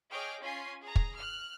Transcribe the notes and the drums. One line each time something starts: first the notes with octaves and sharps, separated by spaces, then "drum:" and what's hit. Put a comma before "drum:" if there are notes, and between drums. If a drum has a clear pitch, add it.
G#4 C#5 D#5 G5 D6 F6
C#4 F4 G#5 C7
G#4 A#5
drum: kick
F6 F#6